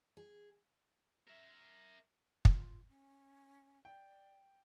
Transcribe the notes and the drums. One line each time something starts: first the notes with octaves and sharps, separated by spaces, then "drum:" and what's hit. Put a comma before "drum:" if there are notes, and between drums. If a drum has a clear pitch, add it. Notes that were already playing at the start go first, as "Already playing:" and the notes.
G#4
A#4 E5
F4, drum: kick
C#4
D5 G5